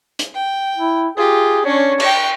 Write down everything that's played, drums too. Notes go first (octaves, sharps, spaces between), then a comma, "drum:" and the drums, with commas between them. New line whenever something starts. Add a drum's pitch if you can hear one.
drum: hi-hat
G5
E4
F4 G4 G#4
C#4 D4 C#5
G5 C#6, drum: cymbal